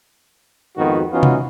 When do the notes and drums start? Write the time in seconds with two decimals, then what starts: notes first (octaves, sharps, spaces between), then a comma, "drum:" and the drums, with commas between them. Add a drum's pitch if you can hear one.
0.77 F2 G#2 D#3 B3 F#4
1.12 E3 B3 C#4 D#4 F4 F#4
1.23 drum: tom C3